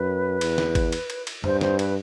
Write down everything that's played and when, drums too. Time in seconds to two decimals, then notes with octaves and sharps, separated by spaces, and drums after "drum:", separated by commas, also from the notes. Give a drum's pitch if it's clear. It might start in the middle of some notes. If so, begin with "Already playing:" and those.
Already playing: F#2 B4
0.41 E2, drum: cymbal
0.58 drum: snare
0.75 drum: kick G#1, cymbal
0.92 drum: cymbal
1.10 drum: cymbal
1.27 drum: cymbal
1.44 G2 C5, drum: tom E2
1.61 C5, drum: snare
1.79 B4, drum: cymbal